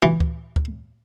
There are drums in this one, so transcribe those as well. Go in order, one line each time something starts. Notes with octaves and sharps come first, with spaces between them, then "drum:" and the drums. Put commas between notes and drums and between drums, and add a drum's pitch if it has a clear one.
E3
drum: kick D2
drum: kick D2